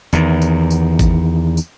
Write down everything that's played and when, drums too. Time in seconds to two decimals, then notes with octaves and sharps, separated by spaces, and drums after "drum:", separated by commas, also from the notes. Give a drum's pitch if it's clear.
0.13 E2 D#3, drum: tambourine
0.42 drum: tambourine
0.70 drum: tambourine
0.99 drum: kick G#1, tambourine
1.57 drum: tambourine